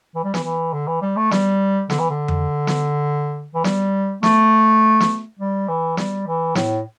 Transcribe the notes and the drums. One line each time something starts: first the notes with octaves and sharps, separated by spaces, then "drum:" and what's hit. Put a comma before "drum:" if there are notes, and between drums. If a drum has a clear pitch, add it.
E3
G3
E3, drum: snare
E3
D3
E3
G3
A3
G3, drum: snare
D3, drum: snare
E3
D3
drum: tom F2
drum: snare
E3
G3, drum: snare
A3, drum: snare
drum: snare
G3
E3
G3, drum: snare
E3
A2, drum: snare